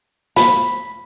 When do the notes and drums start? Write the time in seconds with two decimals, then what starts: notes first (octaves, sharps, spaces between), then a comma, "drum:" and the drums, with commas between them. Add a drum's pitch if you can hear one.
0.36 B5, drum: snare